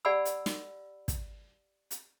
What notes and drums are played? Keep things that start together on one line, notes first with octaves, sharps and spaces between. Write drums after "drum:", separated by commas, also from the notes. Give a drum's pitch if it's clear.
G4 D5 F#5 G#5 B5 E6
drum: hi-hat
drum: snare
drum: kick, hi-hat
drum: hi-hat